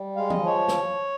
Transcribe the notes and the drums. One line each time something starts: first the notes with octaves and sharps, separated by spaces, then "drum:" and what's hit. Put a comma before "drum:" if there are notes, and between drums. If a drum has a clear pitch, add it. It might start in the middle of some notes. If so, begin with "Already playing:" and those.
Already playing: G3
G#3 F5
D#5, drum: tom E3
F3
C#5
drum: snare